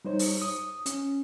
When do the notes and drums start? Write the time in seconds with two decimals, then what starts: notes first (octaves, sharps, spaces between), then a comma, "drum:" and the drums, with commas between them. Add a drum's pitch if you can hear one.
0.05 G3 D#4 C5 C#5
0.19 drum: open hi-hat
0.42 D#6
0.86 C#4, drum: hi-hat